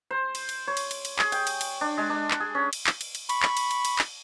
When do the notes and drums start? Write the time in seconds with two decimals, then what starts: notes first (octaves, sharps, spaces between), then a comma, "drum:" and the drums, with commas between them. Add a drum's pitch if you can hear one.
0.11 C5
0.35 drum: cymbal
0.49 drum: cymbal
0.68 C#5
0.77 drum: cymbal
0.91 drum: cymbal
1.05 drum: cymbal
1.19 G#4, drum: clap
1.32 G5, drum: cymbal
1.47 drum: cymbal
1.61 drum: cymbal
1.81 D4
1.98 G#3
2.10 D4
2.31 drum: clap
2.40 G#4
2.55 C#4
2.73 drum: cymbal
2.87 drum: clap
3.01 drum: cymbal
3.15 drum: cymbal
3.29 B5 C#6, drum: cymbal
3.43 drum: clap
3.57 drum: cymbal
3.71 drum: cymbal
3.85 drum: cymbal
3.99 drum: clap